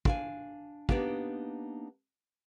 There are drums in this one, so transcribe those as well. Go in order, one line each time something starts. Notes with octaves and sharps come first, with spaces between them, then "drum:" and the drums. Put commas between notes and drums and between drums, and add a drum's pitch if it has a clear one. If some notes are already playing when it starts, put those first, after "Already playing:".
D4 F5 G#5, drum: kick
A#3 B3 D4 D#4 G4, drum: kick